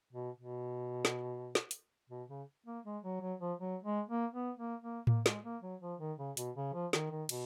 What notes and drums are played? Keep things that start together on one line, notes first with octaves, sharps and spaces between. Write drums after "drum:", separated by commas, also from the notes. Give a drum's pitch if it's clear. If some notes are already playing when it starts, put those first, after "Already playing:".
B2
B2
drum: snare
drum: snare
drum: hi-hat
B2
C#3
A#3
G#3
F#3
F#3
F3
F#3
G#3
A#3
B3
A#3
A#3
A#3, drum: tom A2
G#3, drum: snare
A#3
F#3
F3
D#3
C#3
B2, drum: hi-hat
C#3
F3
D#3, drum: snare
D#3
B2, drum: cymbal